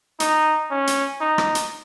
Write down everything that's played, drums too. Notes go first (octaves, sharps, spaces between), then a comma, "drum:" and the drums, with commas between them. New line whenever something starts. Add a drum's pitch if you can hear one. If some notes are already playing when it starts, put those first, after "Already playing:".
D#4, drum: hi-hat
C#4
drum: hi-hat
D#4
drum: rim click
drum: hi-hat